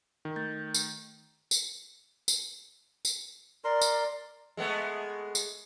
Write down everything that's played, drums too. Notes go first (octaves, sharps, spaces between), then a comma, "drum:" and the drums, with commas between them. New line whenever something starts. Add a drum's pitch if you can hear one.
D#3
A3 G6 A6
drum: tambourine
drum: tambourine
drum: tambourine
drum: tambourine
A#4 D5 C6
drum: tambourine
G#3 A3 B3
drum: tambourine